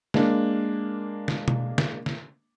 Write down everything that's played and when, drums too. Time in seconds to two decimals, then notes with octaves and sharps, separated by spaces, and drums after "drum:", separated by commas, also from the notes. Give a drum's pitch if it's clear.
0.14 G#3 A#3 D4, drum: snare
1.28 drum: snare
1.48 drum: tom B2
1.78 drum: snare
2.06 drum: snare